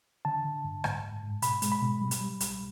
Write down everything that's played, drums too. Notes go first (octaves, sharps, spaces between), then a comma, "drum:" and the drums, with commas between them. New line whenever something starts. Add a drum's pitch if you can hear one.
D3 A5
D3
G2
G#2, drum: rim click
G#2
G#2
B2 B5, drum: hi-hat
G#3, drum: hi-hat
B5
B2
G3
drum: hi-hat
G3
C2, drum: hi-hat